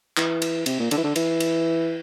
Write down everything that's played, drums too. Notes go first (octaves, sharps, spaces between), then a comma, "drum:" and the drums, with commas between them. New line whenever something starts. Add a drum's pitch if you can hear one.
E3, drum: clap
drum: cymbal
C3, drum: cymbal
A#2
D3, drum: cymbal
E3
D3
E3, drum: cymbal
drum: cymbal